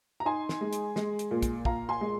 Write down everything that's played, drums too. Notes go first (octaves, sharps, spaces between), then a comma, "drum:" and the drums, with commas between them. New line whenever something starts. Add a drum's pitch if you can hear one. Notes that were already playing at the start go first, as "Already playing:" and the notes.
A#5
D#4 G#5 C6
drum: snare
G#3
drum: hi-hat
G#3, drum: snare
drum: hi-hat
A#2
drum: kick, hi-hat
A#2 F5 A#5, drum: kick
G#5 C6
G#3